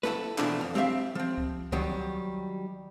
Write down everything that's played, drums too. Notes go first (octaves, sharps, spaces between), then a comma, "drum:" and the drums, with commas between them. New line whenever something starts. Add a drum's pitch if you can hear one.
E4 A4 B4, drum: snare
B2 E3 F3 A3 D4 E4, drum: clap
F2
C4 G4 A4 E5 F5, drum: tom
F3 C4
drum: kick C#2
D#3 F#3 G3, drum: kick C#2